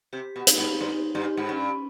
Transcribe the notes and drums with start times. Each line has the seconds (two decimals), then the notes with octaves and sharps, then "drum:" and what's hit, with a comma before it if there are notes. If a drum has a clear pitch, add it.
0.13 C3 G4
0.36 B2
0.47 D#4, drum: hi-hat
0.58 G#2
0.81 G2 D#4
1.15 G2 G4
1.37 G#2
1.49 G2 C#4